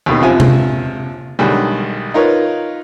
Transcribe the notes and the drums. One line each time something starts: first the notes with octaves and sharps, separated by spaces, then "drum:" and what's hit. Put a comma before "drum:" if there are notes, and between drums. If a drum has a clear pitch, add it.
D#2 B2 D#3
F#2 C3 F3 G#5
drum: tom C3
B1 D3 D#3 G3 G#3
D#4 F4 A#4 B4 C#5